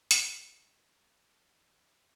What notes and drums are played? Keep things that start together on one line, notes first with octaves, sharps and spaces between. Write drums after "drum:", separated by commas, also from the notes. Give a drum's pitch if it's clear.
drum: hi-hat
E3
C4